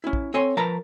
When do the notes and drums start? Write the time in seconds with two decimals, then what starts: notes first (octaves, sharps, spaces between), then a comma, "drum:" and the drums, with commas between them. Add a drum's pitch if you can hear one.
0.04 C#4 E4
0.13 drum: kick
0.34 C4 A4 C#5 G#5 C6
0.57 F3 A#4 B4 A5 A#5